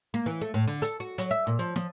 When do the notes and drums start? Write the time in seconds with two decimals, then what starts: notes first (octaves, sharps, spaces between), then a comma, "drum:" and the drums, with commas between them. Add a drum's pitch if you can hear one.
0.14 A#3
0.26 E3
0.41 A3
0.54 A2
0.67 D3
0.82 A4, drum: hi-hat
1.00 F#4
1.18 F#3, drum: hi-hat
1.31 E5
1.47 A#2
1.59 F3
1.76 F3, drum: snare